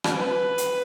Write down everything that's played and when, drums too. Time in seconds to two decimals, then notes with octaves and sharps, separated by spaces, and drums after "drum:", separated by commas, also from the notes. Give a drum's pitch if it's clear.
0.04 drum: rim click
0.15 B4
0.58 drum: hi-hat